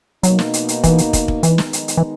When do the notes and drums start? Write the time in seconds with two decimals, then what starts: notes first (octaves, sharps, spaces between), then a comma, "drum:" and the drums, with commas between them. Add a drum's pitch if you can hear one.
0.23 B2 F#3 A#3 D#4, drum: hi-hat
0.39 drum: snare
0.54 drum: hi-hat
0.68 drum: hi-hat
0.84 E3, drum: kick, hi-hat
0.98 drum: hi-hat
1.13 drum: kick, hi-hat
1.28 drum: kick
1.43 D#3 E3 G#3 B3 D#4, drum: hi-hat
1.58 drum: snare
1.73 drum: hi-hat
1.88 drum: hi-hat
1.97 E3